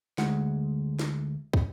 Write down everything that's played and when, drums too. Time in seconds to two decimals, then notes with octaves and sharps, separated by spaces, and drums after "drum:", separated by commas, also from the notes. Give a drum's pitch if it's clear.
0.18 D2 G#3 F#5, drum: snare
0.99 drum: snare
1.53 drum: kick